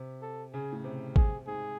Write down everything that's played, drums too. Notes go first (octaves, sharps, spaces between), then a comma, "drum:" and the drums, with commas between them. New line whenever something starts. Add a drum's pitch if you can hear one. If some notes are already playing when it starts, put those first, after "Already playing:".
Already playing: C3
A4
C#3 G#4
A2
C3
G#4, drum: kick G#1
G#2 G#4